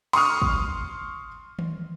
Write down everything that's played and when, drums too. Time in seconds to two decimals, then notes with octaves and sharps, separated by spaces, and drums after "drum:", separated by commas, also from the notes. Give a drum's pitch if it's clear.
0.13 C6 C#6 D#6 F6, drum: cymbal
0.42 drum: kick
1.59 drum: tom